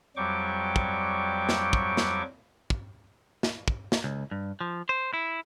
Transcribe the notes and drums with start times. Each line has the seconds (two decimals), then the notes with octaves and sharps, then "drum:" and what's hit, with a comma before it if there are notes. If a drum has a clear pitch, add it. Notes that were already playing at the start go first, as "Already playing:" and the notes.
0.16 F2 F#3 G3 G5 C#6 D6
0.76 drum: kick
1.49 drum: snare
1.73 drum: kick
1.97 drum: snare
2.70 drum: kick
3.43 drum: snare
3.68 drum: kick
3.92 drum: snare
4.04 C#2
4.31 G2
4.61 F3
4.89 C5
5.13 E4